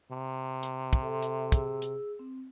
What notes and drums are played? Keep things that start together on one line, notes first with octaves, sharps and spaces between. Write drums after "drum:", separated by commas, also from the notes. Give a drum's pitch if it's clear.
C3
drum: hi-hat
drum: kick
A4 E5 C6
drum: hi-hat
G#4 E6, drum: kick, hi-hat
drum: hi-hat
C4